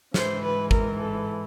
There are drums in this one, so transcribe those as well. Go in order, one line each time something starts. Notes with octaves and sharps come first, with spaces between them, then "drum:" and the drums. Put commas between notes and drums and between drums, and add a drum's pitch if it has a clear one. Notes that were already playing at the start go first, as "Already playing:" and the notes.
G#2 E3 C5, drum: snare
B4
A#4, drum: kick
A4